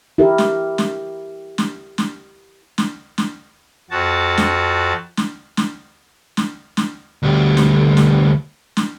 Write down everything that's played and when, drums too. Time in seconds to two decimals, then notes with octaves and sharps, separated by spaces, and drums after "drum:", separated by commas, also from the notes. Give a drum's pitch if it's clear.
0.18 E4 G4 A#4
0.38 drum: snare
0.78 drum: snare
1.58 drum: snare
1.98 drum: snare
2.78 drum: snare
3.18 drum: snare
3.90 F2 F#4 A5
4.37 drum: snare
5.17 drum: snare
5.57 drum: snare
6.37 drum: snare
6.77 drum: snare
7.23 D2 G3
7.57 drum: snare
7.97 drum: snare
8.77 drum: snare